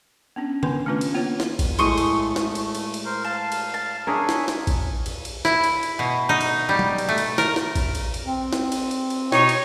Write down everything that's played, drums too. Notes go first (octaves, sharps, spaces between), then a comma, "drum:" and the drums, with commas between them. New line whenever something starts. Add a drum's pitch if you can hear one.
B3 C#4 D4
D#3 B3 B4 G#5 C6, drum: tom C#3
A3 B3 C#4 D4 F4 B4
drum: cymbal
A#3 B3 F4 C#5
drum: snare
drum: kick A#1, cymbal
A2 G#3 A3 C6 C#6 D#6, drum: cymbal
drum: cymbal
drum: snare
drum: cymbal
drum: cymbal
drum: cymbal
A#4 C5
F5 A5
drum: cymbal
A5
D4 G#4 A#4 C#5 E5 G#5
drum: snare
drum: snare
drum: kick A#1, cymbal
drum: cymbal
drum: cymbal
E4, drum: snare
drum: cymbal
drum: cymbal
B2
D#4
drum: cymbal
G3
drum: tom F#3
drum: cymbal
A3
drum: cymbal
A#4, drum: snare
drum: snare
drum: kick A#1, cymbal
drum: cymbal
drum: cymbal
C4
drum: snare
drum: cymbal
drum: cymbal
drum: cymbal
B2 D#4 C#5, drum: snare
drum: cymbal